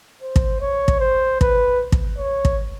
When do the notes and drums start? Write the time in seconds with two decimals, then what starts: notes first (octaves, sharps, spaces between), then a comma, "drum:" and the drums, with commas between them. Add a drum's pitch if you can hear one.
0.22 C5
0.36 drum: kick
0.61 C#5
0.88 drum: kick
1.00 C5
1.41 B4, drum: kick
1.92 drum: kick
2.18 C#5
2.45 drum: kick